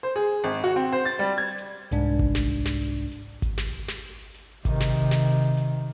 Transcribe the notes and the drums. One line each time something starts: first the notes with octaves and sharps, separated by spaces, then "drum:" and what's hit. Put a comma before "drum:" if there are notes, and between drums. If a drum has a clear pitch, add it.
C5
G#4
G#1
F#4, drum: hi-hat
C4
C5
A6
G3
G#6
drum: hi-hat
C2 G#2 D4, drum: hi-hat
drum: kick G#1
drum: snare
drum: open hi-hat
drum: snare
drum: hi-hat
drum: hi-hat
drum: kick G#1, hi-hat
drum: snare
drum: open hi-hat
drum: snare
drum: hi-hat
C3 D#3, drum: kick G#1, hi-hat
drum: snare
drum: open hi-hat
drum: snare
drum: hi-hat